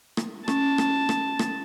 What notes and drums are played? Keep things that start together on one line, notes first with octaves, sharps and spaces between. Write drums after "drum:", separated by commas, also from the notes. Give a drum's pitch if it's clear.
drum: rim click
C#4 A5, drum: rim click
drum: rim click
drum: rim click
drum: rim click